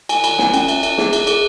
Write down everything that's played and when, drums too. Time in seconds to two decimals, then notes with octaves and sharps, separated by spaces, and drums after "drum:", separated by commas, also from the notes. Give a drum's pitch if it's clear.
0.09 G#5, drum: cymbal
0.24 B5, drum: cymbal
0.38 G#5, drum: snare
0.54 C#4, drum: cymbal
0.68 E5, drum: cymbal
0.83 E5, drum: cymbal
0.98 G#4, drum: snare
1.13 E5, drum: cymbal
1.27 G#4, drum: cymbal